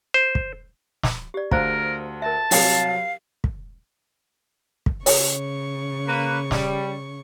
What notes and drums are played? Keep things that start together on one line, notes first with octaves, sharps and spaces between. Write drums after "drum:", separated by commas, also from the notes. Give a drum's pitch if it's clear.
C5
drum: kick
drum: snare
G4 D5
D2 A#4 C5 F5 A#5, drum: kick
A#4 E5 A5
C2 F#3 F5, drum: open hi-hat
drum: kick
drum: kick
C#3 C#5 C#6, drum: open hi-hat
A#3 B4
G3, drum: snare